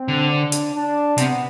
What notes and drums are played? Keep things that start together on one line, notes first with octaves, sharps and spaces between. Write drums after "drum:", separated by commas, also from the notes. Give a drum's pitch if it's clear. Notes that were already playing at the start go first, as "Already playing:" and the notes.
Already playing: C4
D3
D4
drum: hi-hat
D4
C3 B3, drum: hi-hat